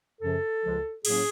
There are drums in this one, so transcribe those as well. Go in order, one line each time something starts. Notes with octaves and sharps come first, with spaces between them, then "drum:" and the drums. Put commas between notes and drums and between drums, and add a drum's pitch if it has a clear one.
F#2 C#3 F3 A4
C#2 C#3 F3 G#3
A2 F#3 A#3 C#4 G#4, drum: cymbal